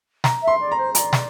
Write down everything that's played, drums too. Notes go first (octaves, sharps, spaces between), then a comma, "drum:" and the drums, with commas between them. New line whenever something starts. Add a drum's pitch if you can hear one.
A#5, drum: snare
E5
C6
D5
A#5
C5
D5 A#5, drum: hi-hat
drum: snare